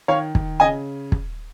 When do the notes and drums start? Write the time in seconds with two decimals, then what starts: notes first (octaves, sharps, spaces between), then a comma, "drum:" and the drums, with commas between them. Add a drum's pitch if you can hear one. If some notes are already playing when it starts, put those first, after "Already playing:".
0.08 D#3 C#5 F5
0.35 D#3, drum: kick
0.60 C#3 D#5 G#5
1.12 drum: kick